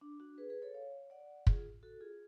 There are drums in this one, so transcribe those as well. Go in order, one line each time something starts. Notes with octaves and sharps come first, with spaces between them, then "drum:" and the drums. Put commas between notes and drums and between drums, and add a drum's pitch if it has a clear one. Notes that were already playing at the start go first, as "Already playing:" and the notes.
D4
D4 F#4
G#4 B4
G#4 B4
A4 C#5
C#5 F5
D5 F#5
F4 G#4, drum: kick
F#4 A4
F4 G#4